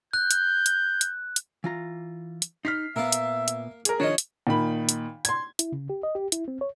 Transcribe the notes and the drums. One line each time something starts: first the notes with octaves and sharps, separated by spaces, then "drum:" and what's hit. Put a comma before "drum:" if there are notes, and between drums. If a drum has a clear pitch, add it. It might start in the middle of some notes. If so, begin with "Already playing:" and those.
F#6 G6
drum: hi-hat
drum: hi-hat
drum: hi-hat
drum: hi-hat
E3 F4 A#5
drum: hi-hat
D#4 F6 B6 C7
A#2 A#3 B3 A#4 E5
drum: hi-hat
drum: hi-hat
G#4 A#4, drum: hi-hat
D#3 F3 D4 C#5 D#5
drum: hi-hat
A#2 D#3 B5
drum: hi-hat
C6 G#6, drum: hi-hat
E4, drum: hi-hat
C#3
G4
D#5
G4
E4, drum: hi-hat
C4
C#5